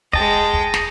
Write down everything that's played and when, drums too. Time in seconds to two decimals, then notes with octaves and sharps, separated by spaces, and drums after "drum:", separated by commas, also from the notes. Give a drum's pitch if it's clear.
0.13 G#3 D#5 G5 A5, drum: kick
0.54 drum: kick
0.74 drum: snare